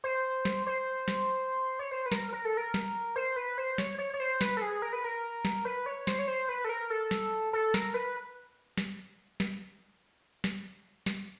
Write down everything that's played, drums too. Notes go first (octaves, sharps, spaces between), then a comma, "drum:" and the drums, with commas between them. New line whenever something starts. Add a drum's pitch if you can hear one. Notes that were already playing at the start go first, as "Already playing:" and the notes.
C5
drum: snare
C5
drum: snare
C#5
C5
B4
A#4, drum: snare
A#4
A4
A#4
drum: snare
C5
B4
C5
C#5, drum: snare
C#5
C#5
C5
B4, drum: snare
A4
G#4
A#4
B4
A#4
drum: snare
B4
C#5
C5, drum: snare
C#5
C5
B4
A4
A#4
A4
drum: snare
A4
A#4, drum: snare
B4
drum: snare
drum: snare
drum: snare
drum: snare